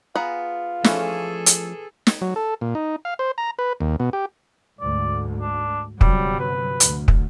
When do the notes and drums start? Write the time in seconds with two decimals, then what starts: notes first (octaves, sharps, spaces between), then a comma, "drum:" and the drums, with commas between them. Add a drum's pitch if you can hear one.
0.16 B3 F4 G#4 A#5
0.84 E3 F3 A3 C#4 G#4 A4, drum: snare
1.46 drum: hi-hat
2.07 drum: snare
2.21 F#3
2.36 A4
2.61 A#2
2.75 D#4
3.05 F5
3.19 C5
3.38 A#5
3.59 B4
3.81 D#2
4.00 B2
4.13 G4
4.80 D2 G#2 D5
5.41 D4
6.01 G1 C3 F#3 G3, drum: kick
6.40 B4
6.80 D2, drum: hi-hat
7.08 drum: kick